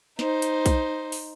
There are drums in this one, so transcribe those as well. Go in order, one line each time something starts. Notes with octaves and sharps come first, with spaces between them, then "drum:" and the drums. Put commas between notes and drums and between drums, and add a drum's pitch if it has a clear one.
D#4 C5, drum: snare
drum: hi-hat
drum: kick B1, hi-hat
drum: open hi-hat